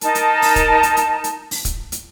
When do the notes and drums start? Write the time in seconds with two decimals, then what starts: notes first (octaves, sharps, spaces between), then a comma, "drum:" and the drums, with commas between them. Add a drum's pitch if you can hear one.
0.01 D#4 A#4 A5, drum: hi-hat
0.15 drum: hi-hat
0.42 drum: open hi-hat
0.56 drum: kick, hi-hat
0.83 drum: hi-hat
0.97 drum: hi-hat
1.24 drum: hi-hat
1.51 drum: open hi-hat
1.65 drum: kick, hi-hat
1.92 drum: hi-hat